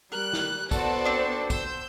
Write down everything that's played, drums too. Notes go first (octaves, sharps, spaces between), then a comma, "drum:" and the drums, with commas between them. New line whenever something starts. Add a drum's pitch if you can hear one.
G3 A#4 F#6
drum: snare
B3 F#4 A4 C5 D5, drum: kick, tambourine
C4 D4
C5 E6 G6, drum: kick, tambourine